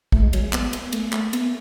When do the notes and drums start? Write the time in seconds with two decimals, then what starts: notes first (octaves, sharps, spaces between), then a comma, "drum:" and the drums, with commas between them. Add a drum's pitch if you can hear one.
0.12 A3, drum: kick
0.23 G#3
0.33 F#3, drum: cymbal
0.43 G#3
0.53 B3, drum: clap
0.73 drum: cymbal
0.92 A3, drum: cymbal
1.13 A3, drum: clap
1.33 B3, drum: cymbal